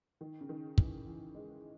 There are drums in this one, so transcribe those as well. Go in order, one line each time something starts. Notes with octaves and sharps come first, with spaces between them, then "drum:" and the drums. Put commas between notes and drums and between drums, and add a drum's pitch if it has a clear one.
D#3
C#3
D#3
E3, drum: kick
E3
G#3